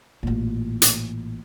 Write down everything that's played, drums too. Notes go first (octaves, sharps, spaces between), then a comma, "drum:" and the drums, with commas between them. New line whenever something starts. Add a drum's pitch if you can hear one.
A1 A#2
drum: hi-hat